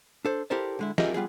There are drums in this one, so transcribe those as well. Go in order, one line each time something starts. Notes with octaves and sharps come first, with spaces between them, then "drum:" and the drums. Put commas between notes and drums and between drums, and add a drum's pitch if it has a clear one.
D4 A4 C5
E4 G4 A4 A#4 C5 D5
D3 G#3 E4
F4 G4 G#4 A#4 D#5 E5, drum: snare
G3 B3 F4 G#4